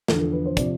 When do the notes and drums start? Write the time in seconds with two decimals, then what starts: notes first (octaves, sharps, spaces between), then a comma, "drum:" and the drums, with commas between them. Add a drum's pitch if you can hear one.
0.08 E2 D3 F3 A4, drum: snare
0.20 A4
0.32 B4
0.46 C5
0.57 C3 F3 D5, drum: kick, hi-hat